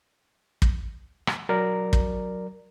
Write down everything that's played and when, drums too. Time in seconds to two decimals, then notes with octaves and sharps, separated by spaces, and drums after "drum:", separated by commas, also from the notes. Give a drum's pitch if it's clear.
0.62 drum: kick
1.27 drum: rim click
1.49 F#3 A#4 D5
1.93 drum: kick